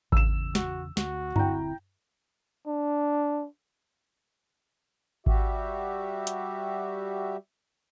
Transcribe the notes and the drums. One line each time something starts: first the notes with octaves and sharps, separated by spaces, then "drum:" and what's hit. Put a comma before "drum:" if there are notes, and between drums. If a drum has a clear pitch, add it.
E2 C#3 E6 E7, drum: kick G#1
F#4, drum: snare
D2 F#4, drum: snare
D#1 D3 C4 E4 G5 A#5, drum: tom G2
D4
G3 F#4 G4 E5, drum: kick G#1
drum: hi-hat